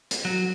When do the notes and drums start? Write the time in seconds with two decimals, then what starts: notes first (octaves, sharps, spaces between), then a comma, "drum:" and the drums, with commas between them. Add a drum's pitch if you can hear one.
0.11 drum: hi-hat
0.25 F#3